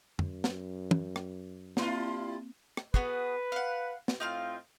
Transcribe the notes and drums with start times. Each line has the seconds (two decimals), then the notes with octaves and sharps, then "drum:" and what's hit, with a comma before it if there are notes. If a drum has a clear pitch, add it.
0.19 F#2, drum: tom F2
0.44 drum: snare
0.91 drum: tom
1.16 drum: rim click
1.77 G2 A#3 C4 E4 F4, drum: snare
2.77 drum: rim click
2.94 B3 F#4 G#4 B4, drum: kick
3.52 F5 F#5
4.08 drum: snare
4.20 A2 C4 D#4 F4 F5 F6